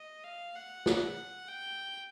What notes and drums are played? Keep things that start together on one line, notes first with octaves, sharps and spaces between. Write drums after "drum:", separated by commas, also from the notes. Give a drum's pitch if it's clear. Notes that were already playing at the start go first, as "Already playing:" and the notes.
Already playing: D#5
F5
F#5
drum: snare
G5